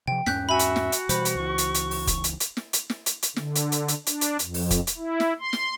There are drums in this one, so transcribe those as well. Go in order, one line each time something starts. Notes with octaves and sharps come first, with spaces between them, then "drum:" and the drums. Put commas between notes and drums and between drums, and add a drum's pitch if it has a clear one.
C3 F3 G5
E2 G#2 C#4 F#6 G6 B6, drum: snare
F#4 E5 G#5 B5
drum: hi-hat
drum: snare
drum: hi-hat
B2 E3 G3 C5 B5, drum: hi-hat
drum: hi-hat
C#2 E3 C#6
drum: hi-hat
drum: hi-hat
drum: open hi-hat
drum: kick, hi-hat
drum: hi-hat
drum: hi-hat
drum: snare
drum: hi-hat
drum: snare
drum: hi-hat
drum: hi-hat
D3, drum: snare
drum: hi-hat
drum: hi-hat
drum: hi-hat
D4, drum: hi-hat
drum: hi-hat
F2, drum: hi-hat
drum: open hi-hat
drum: kick, hi-hat
drum: hi-hat
E4
drum: snare
C6
drum: snare